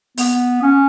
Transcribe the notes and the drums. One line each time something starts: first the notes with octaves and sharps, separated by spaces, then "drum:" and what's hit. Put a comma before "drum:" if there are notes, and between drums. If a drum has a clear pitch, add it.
B3, drum: open hi-hat
C#4